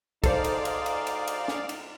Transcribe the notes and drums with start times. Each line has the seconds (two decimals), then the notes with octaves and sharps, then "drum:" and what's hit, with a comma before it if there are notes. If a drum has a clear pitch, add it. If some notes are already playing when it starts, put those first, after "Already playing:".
0.24 G#2 D#4 A4 C5 D5 F5, drum: kick, cymbal
0.44 drum: cymbal
0.65 drum: cymbal
0.86 drum: cymbal
1.07 drum: cymbal
1.27 drum: cymbal
1.48 drum: snare
1.69 drum: cymbal